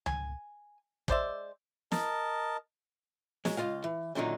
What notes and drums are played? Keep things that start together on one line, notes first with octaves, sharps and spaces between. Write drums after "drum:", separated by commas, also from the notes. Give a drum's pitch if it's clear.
G#5, drum: tom C#2
G#3 C5 D5 E5, drum: kick
A#4 D#5 A5, drum: snare
F#3 G#3, drum: snare
C#2 C3 F4 D#5 F5
E3
F#2 A#2 D3 D#3 F#3 D#4